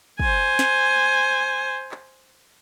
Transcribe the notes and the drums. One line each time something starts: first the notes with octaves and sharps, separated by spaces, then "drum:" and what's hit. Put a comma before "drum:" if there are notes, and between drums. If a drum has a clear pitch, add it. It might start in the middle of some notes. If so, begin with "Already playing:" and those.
C5 G#5, drum: kick
drum: snare
drum: clap